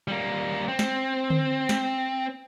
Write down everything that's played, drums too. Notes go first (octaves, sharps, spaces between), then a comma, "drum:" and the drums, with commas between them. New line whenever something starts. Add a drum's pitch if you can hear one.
G3 A#3
C4
drum: snare
drum: tom D3
drum: snare